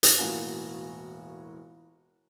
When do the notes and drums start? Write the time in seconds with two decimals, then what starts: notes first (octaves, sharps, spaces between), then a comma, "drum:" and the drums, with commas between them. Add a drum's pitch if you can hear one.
0.03 drum: hi-hat
0.18 E1 A2 A#3 F4 F#4 G#5